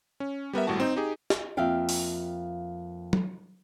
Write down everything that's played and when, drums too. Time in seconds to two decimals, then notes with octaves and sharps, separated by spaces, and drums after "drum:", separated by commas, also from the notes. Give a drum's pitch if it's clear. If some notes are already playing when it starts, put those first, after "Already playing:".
0.20 C#4
0.53 G3 B3 A#4 E5
0.67 G#1 A2 G3 F#4 A5
0.80 C4 D#4
0.96 D#4 G4 G#4
1.30 drum: snare
1.57 F2 A#3 E5 F5 G5
1.89 drum: open hi-hat
3.13 drum: tom F#3